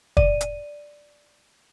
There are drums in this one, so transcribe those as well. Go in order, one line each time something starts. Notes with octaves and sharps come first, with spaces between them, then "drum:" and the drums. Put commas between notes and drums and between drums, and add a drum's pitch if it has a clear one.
D5 D#7, drum: kick
drum: hi-hat